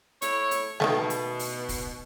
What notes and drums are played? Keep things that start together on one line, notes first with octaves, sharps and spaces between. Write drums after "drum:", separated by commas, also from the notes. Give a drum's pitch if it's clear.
A3 E4 C#5, drum: hi-hat
drum: hi-hat
B2 D#3 F#3 A3, drum: snare G#3
drum: hi-hat
drum: open hi-hat
drum: kick, open hi-hat